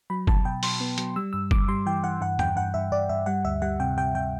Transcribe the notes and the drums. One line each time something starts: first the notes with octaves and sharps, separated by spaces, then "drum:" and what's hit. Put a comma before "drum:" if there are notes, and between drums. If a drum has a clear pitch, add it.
F#3 B5
B2 A5, drum: kick F#1
B2 G5
F#3 C6, drum: open hi-hat
B3
F#3, drum: hi-hat
G3 E6
G2 E6
G2 D6, drum: kick F#1
G3 C6
E3 G5
E3 F#5
G2 F#5
G2 G5, drum: tom E2
G2 F#5
G2 E5
G2 D5
G2 E5
G3 F#5
D2 E5
G3 F#5
C3 G5
C3 G5
C3 G5